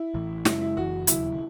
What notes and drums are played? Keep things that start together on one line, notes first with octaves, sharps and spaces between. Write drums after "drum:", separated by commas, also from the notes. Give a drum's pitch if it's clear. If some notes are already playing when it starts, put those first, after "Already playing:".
Already playing: E4
A1 A2 E3
F#2 C#3 G#3 E4, drum: snare
E4
F#1 F#2 E3 F#4
E1 D#2 C#3 F#3 E4, drum: hi-hat